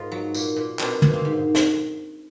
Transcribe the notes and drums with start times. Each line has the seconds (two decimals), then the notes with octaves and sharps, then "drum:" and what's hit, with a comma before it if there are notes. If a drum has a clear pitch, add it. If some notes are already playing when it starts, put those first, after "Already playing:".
Already playing: G#2 D#4 F4 A#4
0.12 F#3
0.34 A#2, drum: tambourine
0.57 A#2
0.79 B2 C4 D4, drum: clap
1.02 B2, drum: tom
1.13 A#3 C4
1.25 G#2
1.55 drum: snare